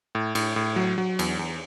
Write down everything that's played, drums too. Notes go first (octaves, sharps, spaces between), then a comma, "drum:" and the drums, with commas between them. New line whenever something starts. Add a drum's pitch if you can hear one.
A2
A2, drum: cymbal
A2
F#3
F#3
E2, drum: cymbal
E2